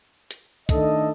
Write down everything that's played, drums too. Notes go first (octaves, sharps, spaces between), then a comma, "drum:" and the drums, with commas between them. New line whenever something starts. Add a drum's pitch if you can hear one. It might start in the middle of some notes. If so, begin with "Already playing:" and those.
drum: hi-hat
D#3 A3 D4 A4 D#5, drum: kick, hi-hat